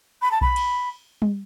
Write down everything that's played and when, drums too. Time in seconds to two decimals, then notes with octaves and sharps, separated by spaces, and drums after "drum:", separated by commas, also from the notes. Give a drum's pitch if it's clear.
0.22 B5
0.31 A5
0.41 B5, drum: kick B1
0.56 drum: cymbal
1.22 drum: tom G3